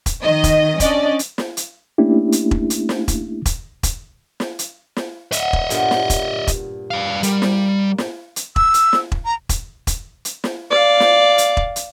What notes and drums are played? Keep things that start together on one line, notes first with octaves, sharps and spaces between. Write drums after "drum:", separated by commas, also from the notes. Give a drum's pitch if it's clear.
drum: kick E1, hi-hat
D#3 D#5
drum: kick E1, hi-hat
C#4 D4 D5 D#5, drum: kick E1, hi-hat
drum: hi-hat
drum: snare
drum: hi-hat
A3 A#3 C#4 D4 E4 G4
drum: hi-hat
drum: kick E1
drum: hi-hat
drum: snare
drum: kick E1, hi-hat
drum: kick E1, hi-hat
drum: kick E1, hi-hat
drum: snare
drum: hi-hat
drum: snare
B4 D#5 E5 F#5, drum: hi-hat
drum: kick E1
G2 A#2 B3, drum: hi-hat
drum: snare
drum: kick E1, hi-hat
drum: kick E1, hi-hat
G3 F5
G3 A#3, drum: hi-hat
drum: snare
drum: snare
drum: hi-hat
E6, drum: kick E1
drum: hi-hat
drum: snare
drum: kick E1
A#5
drum: kick E1, hi-hat
drum: kick E1, hi-hat
drum: hi-hat
drum: snare
D5 F5
drum: snare
drum: hi-hat
drum: kick E1
drum: hi-hat